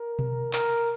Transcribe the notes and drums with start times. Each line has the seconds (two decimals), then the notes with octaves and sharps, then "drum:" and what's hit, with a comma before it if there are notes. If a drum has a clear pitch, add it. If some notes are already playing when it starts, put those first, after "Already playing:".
Already playing: A#4
0.19 drum: tom B2
0.53 A#4, drum: clap